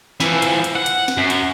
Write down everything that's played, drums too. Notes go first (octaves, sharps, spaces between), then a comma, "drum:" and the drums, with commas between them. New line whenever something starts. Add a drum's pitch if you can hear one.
E3 F3, drum: snare
drum: hi-hat
drum: hi-hat
F#5
drum: hi-hat
drum: snare
F#2
drum: hi-hat